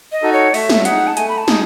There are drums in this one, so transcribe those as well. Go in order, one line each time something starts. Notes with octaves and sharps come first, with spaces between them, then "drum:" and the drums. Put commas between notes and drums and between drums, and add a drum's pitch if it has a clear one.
D#5
D#4 F#4 A4
C#5
A3 E5, drum: open hi-hat
drum: snare
D#4 G#4 F#5, drum: hi-hat
A5
A3 G#5, drum: hi-hat
B5
A5
D#4 G#4, drum: snare